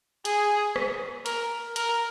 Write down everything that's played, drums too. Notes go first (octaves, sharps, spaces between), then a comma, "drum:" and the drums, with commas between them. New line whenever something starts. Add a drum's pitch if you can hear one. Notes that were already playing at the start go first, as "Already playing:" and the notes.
G#4, drum: hi-hat
drum: rim click
A#4, drum: hi-hat
A#4, drum: hi-hat